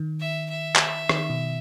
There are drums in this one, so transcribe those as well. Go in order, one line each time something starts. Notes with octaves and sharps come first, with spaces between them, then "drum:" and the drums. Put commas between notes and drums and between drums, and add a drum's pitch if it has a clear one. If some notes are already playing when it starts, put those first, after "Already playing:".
Already playing: D#3
E5
E5
drum: clap
D#3, drum: rim click
B2